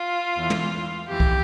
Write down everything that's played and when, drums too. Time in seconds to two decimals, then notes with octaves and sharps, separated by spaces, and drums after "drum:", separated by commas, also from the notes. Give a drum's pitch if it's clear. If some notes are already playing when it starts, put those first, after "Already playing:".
Already playing: F4
0.37 E2 E3
0.50 drum: tom
1.07 F2 E3 G4
1.20 drum: kick C2